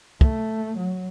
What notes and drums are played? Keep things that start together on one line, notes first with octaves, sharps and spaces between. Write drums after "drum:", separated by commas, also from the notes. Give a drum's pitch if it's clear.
A3, drum: kick
F#3